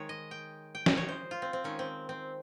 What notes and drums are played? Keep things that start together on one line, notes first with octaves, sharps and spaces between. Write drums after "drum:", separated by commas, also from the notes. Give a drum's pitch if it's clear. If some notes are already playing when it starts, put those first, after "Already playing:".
Already playing: D#3 G#3 C#5
D#5
G5
G5
D#5, drum: snare
C#5
C5
F4
C4
C4
D#3 G#3 C#4
C4
C4